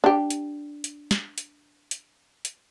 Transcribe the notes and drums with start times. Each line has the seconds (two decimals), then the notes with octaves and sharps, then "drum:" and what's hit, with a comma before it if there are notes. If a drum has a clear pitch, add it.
0.04 D4 G4
0.30 drum: hi-hat
0.84 drum: hi-hat
1.11 drum: snare
1.38 drum: hi-hat
1.91 drum: hi-hat
2.45 drum: hi-hat